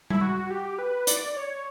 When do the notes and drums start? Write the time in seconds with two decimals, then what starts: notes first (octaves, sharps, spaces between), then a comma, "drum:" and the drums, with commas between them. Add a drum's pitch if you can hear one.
0.10 E4, drum: tom G3
0.21 F#4
0.50 G4
0.79 B4
1.07 D5, drum: hi-hat
1.37 C#5